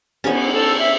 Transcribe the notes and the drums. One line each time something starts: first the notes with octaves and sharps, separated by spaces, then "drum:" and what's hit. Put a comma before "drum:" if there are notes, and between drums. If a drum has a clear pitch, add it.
B3 C#4, drum: cymbal
A4 E6
E5